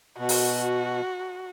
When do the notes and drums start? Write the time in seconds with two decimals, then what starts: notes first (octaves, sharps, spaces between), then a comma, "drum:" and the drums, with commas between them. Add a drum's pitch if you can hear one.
0.18 B2 F#4
0.29 drum: open hi-hat